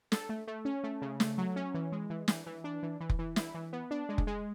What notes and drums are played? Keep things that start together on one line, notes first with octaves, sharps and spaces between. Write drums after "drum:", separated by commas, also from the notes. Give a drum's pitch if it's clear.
A4, drum: snare
A3
A3
C#4
A3
C#3
A3, drum: snare
F#3
C#4
E3
G#3
E3
E3, drum: snare
E3
D4
E3
E3
drum: kick F1
E3
E4, drum: snare
E3
B3
D4
G#3
drum: kick F1
G#3